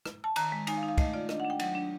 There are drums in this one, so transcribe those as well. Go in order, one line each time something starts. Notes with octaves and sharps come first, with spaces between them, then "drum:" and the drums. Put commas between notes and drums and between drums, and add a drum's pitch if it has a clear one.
drum: rim click
A5
D#3 A#5, drum: cymbal
G#3
D#4 G#5, drum: cymbal
F5
D#4
F5
A3 D#5, drum: kick, cymbal
F4 D5
D4 D#5, drum: rim click
F#5
D4
G5
F#3 F#5, drum: cymbal
D4